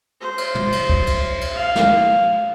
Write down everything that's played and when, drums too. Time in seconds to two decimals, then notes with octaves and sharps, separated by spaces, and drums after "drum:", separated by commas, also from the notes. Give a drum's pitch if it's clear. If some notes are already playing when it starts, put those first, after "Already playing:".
0.21 C5
0.38 drum: cymbal
0.55 drum: tom
0.72 drum: cymbal
0.89 drum: kick
1.07 drum: cymbal
1.41 drum: cymbal
1.55 F5
1.76 drum: snare